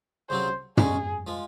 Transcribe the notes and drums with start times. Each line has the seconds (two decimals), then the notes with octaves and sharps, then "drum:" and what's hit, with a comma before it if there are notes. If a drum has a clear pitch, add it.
0.29 C#2 C3 F#3 C4 C5
0.77 C#3 G#3 C#4 F#4 G#4, drum: tom
1.27 F3 G#3